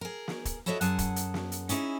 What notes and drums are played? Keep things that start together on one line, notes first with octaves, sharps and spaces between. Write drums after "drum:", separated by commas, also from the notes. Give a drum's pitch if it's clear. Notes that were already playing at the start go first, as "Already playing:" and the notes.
G#4 A#4
drum: snare
drum: kick, hi-hat
E4 F#4 A4 C#5 D#5 E5
F#2 G#4 F#5 A5, drum: hi-hat
drum: kick, hi-hat
drum: hi-hat
drum: snare
drum: hi-hat
C#4 D#4 E4 G#4, drum: hi-hat